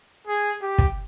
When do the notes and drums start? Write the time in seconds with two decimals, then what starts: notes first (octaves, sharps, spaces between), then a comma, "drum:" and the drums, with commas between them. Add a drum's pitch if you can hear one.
0.27 G#4
0.62 G4
0.78 drum: kick